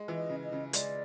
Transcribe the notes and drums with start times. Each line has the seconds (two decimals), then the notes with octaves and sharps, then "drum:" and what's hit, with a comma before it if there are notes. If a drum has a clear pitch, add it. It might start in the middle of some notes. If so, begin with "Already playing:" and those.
Already playing: G#3
0.08 E3
0.16 D#5
0.30 C#3
0.44 D#5
0.52 C#3
0.73 G#3 D5, drum: hi-hat